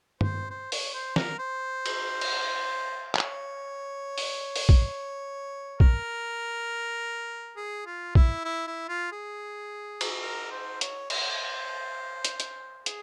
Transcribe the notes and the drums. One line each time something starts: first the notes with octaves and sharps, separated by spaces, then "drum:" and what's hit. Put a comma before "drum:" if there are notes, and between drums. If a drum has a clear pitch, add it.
C5, drum: tom G2
C5
C#5, drum: open hi-hat
C5
A#4, drum: snare
C5
drum: cymbal
drum: cymbal
C#5, drum: clap
drum: open hi-hat
drum: open hi-hat
drum: kick A#1
A#4, drum: kick A#1
G#4
F4
E4, drum: kick A#1
E4
E4
F4
G#4
drum: cymbal
A#4
C5
C#5, drum: hi-hat
C5, drum: cymbal
drum: hi-hat
drum: hi-hat
G#4, drum: hi-hat